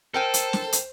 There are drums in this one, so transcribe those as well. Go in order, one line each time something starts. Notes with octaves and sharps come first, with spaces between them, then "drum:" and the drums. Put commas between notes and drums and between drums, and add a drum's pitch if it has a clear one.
A4 A#4 C5 G5 G#5
drum: hi-hat
drum: snare
drum: hi-hat